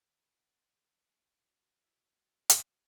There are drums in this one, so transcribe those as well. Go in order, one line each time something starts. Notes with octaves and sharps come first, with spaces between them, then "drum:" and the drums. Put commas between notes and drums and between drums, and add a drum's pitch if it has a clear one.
D#3 B3 F#4
F#4
E4 E5
drum: hi-hat